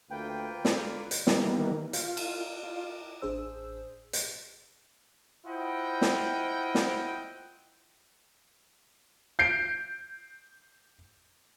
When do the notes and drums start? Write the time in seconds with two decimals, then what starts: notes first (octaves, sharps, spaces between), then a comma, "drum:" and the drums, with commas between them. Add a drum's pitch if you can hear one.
0.10 D2 A#3 F4 B4 G5
0.65 D3 G#3, drum: snare
1.11 drum: hi-hat
1.27 D#3 E3 G3 A#3 B3, drum: snare
1.93 F4, drum: hi-hat
2.17 drum: cymbal
2.63 F4
3.22 A1 D4 G#4 C5 E6
4.13 drum: hi-hat
5.47 E4 F4 C5 D#5 F#5 G5
6.01 drum: snare
6.75 drum: snare
9.39 G6 C7 D7